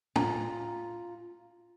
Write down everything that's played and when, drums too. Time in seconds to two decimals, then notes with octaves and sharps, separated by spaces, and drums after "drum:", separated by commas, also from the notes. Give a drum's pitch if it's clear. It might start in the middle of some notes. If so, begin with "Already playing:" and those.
0.16 F4 A#5, drum: tom